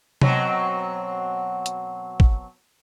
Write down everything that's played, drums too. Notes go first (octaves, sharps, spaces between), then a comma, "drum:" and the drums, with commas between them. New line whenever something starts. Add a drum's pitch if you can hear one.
B2 F#3 C4, drum: tom C3
drum: hi-hat
drum: kick